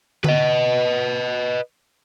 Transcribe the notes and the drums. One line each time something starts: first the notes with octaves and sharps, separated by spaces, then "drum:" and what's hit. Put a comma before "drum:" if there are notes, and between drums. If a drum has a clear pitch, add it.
B4 D#5, drum: tom D3